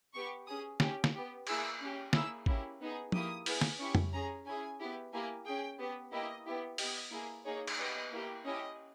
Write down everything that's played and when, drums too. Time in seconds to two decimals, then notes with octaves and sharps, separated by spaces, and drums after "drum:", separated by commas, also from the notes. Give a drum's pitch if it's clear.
0.14 B3 G4 C#6
0.47 C#4 G#4 D#6
0.80 C#4 G4, drum: snare
1.04 drum: snare
1.14 B3 G4
1.47 A#3 E4 G#4 E6, drum: cymbal
1.80 C#4 G4
2.13 A#3 E4 G#4 E6, drum: snare
2.46 A#3 C#4 E4 G4, drum: kick G#1
2.80 B3 D#4 G#4
3.12 A#3 E4 G4 D#6, drum: tom F3
3.46 B3 E4 G#4, drum: open hi-hat
3.61 drum: snare
3.79 C#4 E4 G4 C#6
3.95 drum: tom F2
4.12 C#4 G#4 A#5
4.46 C#4 E4 G#4 G#5
4.80 B3 E4 G4
5.13 A#3 E4 G4 G#5
5.45 C#4 G#4 G5
5.79 B3 G4
6.11 A#3 E4 G4 D#5
6.46 B3 E4 G4
6.78 B3 G4 D#5, drum: open hi-hat
7.11 A#3 E4 G#4
7.44 A#3 D#4 G#4 C#5
7.67 drum: cymbal
7.79 B3 G4 D#5
8.11 A#3 E4 G4
8.44 C#4 E4 G4 D#5